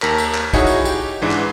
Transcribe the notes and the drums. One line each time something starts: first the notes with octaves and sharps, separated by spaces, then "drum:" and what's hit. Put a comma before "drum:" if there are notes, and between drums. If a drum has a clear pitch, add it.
D#2 A#4 B6, drum: clap
drum: tambourine
drum: clap
D#4 E4 F#4 G#4 C#5, drum: kick, tambourine
drum: tambourine
G4, drum: tambourine
G#2 E3 D4
drum: clap